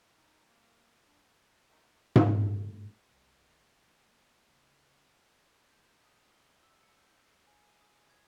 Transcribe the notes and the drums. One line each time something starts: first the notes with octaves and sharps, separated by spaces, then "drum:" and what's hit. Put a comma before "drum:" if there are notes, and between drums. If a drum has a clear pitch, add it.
D#4
A#3
D4
D3 A3 D#4
drum: tom G#2
C2
D#3
A#3
C#3
G6
D#6
G7
E6
C#7
G6
C7
G#5
D#7
D#6
G#6